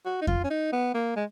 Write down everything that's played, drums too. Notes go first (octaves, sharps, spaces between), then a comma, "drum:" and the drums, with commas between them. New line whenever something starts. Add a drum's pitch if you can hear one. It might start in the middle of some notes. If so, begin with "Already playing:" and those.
F#4
D#4
F4, drum: kick F2
C#4
D#4
B3
A#3
G#3